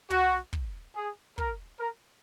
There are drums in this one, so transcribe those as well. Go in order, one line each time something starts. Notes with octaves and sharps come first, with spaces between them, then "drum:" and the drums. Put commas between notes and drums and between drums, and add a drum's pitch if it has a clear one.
F#4, drum: tom
drum: kick
G#4
A#4, drum: kick
A#4